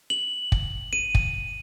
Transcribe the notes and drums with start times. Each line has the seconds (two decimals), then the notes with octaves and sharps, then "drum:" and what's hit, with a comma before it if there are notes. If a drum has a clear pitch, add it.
0.10 F#7
0.52 drum: kick
0.93 D#7
1.15 drum: kick